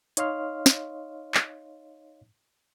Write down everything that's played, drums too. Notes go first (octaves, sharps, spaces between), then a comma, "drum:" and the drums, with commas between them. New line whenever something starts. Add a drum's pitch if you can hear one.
D#4 C#5 D#5 F5 C6 F6, drum: hi-hat
drum: snare
drum: clap